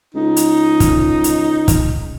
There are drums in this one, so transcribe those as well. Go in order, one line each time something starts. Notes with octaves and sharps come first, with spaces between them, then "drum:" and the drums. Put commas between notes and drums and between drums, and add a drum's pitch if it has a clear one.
C#2 D#4
drum: hi-hat
drum: kick, hi-hat
drum: hi-hat
drum: kick, hi-hat